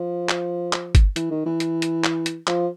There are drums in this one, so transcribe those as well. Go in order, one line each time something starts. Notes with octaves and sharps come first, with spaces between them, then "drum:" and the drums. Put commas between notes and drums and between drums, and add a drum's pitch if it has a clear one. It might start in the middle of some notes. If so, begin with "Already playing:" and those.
Already playing: F3
drum: clap
drum: clap
drum: kick G1, hi-hat
E3, drum: hi-hat
D#3
E3
drum: hi-hat
drum: hi-hat
drum: clap
drum: hi-hat
F3, drum: clap